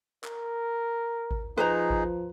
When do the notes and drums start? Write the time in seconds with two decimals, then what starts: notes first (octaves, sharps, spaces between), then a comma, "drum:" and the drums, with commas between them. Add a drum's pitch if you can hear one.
0.24 A#4, drum: clap
1.31 drum: kick G#1
1.58 F3 D#4 G#4 B4 C5 A#5
1.90 drum: kick G#1